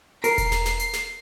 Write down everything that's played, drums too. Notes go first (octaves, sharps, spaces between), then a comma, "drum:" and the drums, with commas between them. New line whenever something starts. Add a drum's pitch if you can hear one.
A#4 C7, drum: hi-hat
drum: kick E1, hi-hat
drum: snare
drum: snare
drum: hi-hat
drum: snare